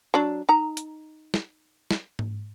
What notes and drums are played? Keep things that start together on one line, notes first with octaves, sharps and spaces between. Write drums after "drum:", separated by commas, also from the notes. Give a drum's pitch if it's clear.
F#3 D4
D#4 A#5
drum: hi-hat
drum: snare
drum: snare
drum: tom G#2